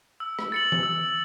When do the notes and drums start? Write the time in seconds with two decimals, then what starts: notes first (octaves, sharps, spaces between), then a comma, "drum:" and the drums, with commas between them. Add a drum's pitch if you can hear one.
0.20 E6
0.39 drum: rim click
0.52 A6 C#7 F#7
0.72 drum: tom E3
0.83 E6